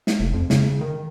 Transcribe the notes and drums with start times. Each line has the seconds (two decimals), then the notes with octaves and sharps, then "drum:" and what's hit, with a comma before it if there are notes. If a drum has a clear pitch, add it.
0.07 drum: snare
0.20 F1
0.34 F2
0.50 C#3, drum: snare
0.81 D#3